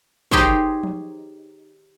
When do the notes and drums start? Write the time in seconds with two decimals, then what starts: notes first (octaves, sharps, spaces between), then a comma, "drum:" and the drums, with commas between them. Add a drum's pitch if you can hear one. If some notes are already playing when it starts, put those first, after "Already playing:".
0.31 D#4 G4 G#4 C5 C#5, drum: kick
0.83 drum: tom F3